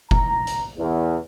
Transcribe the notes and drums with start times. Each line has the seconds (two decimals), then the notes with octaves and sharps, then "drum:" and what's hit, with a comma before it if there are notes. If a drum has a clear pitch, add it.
0.11 A#5, drum: kick F1
0.47 drum: hi-hat
0.78 E2